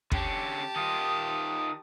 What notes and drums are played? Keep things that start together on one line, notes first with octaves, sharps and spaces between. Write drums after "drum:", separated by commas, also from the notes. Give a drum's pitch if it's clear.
D3 C#4 G4 A5, drum: kick
D#3 F4 D#6